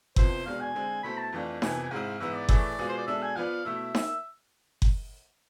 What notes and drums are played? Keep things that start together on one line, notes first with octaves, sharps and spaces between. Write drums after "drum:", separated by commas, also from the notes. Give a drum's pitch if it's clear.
F2 C3 F3 B3 E4 C5, drum: kick F#1
E2 B2 G#3 D4 F5
G#5
D3 G#3 C4
B2 A3 E4 A4 C5 B5
A5
F2 E3 A3 D4 F4
F2 C3 E3 B3 G#5, drum: snare D#4
G#5
G#2 G#3 C4 E4 F5
G#2 E3 B3 E4 E5
D5
A2 E3 A3 E4 G#4, drum: kick F#1
B2 G#3 B3 F4 G#4
C5
D5
B2 G#3 D4 A4 E5
G#5
F3 B3 F4 B4 D5 F5
B2 A3 E4 E5
drum: snare D#4
drum: kick F#1